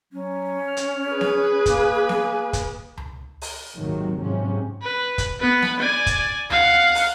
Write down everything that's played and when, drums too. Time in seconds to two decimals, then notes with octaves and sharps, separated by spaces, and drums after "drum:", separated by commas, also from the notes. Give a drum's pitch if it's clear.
0.13 F#3 C#4
0.68 F6
0.77 drum: hi-hat
1.11 G#4 B4
1.21 drum: snare B3
1.66 A#3 G#5, drum: kick, hi-hat
1.94 G#5
2.09 drum: snare B3
2.53 drum: kick, hi-hat
2.97 drum: tom C#2
3.42 drum: open hi-hat
3.76 G#1 D#2 C3 D#3 F#3
4.21 G#2 C3 F3 F#3 C#4
4.82 B4
5.18 drum: kick, hi-hat
5.40 B3 B4
5.62 drum: snare B3
5.80 D5 G#5
6.06 drum: kick, hi-hat
6.50 F5 F#5, drum: tom C#2
6.95 drum: open hi-hat